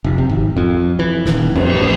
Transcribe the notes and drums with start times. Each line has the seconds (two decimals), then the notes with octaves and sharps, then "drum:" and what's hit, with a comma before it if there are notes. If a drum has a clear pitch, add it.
0.04 F1
0.18 C3
0.30 G#1
0.57 F2
0.99 E3
1.26 D#1, drum: snare
1.56 F2, drum: cymbal
1.75 A1